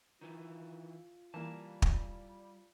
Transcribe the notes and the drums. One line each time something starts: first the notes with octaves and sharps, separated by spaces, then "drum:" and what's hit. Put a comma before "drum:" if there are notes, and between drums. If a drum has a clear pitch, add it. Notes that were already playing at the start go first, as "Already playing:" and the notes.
D#3 E3 F4
E3 G3 A#3 A5
drum: kick